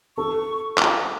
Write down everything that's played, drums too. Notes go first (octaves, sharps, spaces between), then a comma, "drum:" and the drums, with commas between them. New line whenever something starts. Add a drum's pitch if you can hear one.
A4 C#6
D6, drum: clap